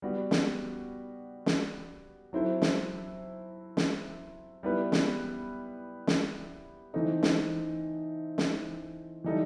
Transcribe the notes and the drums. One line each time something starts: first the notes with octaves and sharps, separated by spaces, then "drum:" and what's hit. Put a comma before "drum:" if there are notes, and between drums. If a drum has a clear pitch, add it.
G3 B3 F#4
drum: snare
drum: snare
F#3 C4 E4 A4 C5
drum: snare
drum: snare
G3 B3 E4 B4
drum: snare
drum: snare
E3 A3 C4 D#4 A4
drum: snare
drum: snare
E3 G3 D#4 A4